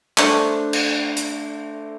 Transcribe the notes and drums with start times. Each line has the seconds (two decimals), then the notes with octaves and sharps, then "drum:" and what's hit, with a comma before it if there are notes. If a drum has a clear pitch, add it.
0.18 A3 D4 C5, drum: clap
0.73 drum: cymbal
1.17 drum: hi-hat